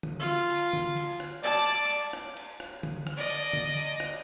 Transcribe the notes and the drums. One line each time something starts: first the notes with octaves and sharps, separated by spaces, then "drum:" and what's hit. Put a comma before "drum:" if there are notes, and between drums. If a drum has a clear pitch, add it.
drum: tom D3
F4
drum: cymbal
drum: tom D3
drum: cymbal
drum: rim click
D5 A5 D6, drum: cymbal
drum: cymbal
drum: rim click
drum: cymbal
drum: rim click
drum: tom D3
drum: rim click
D5 D#5
drum: cymbal
drum: tom D3
drum: cymbal
drum: rim click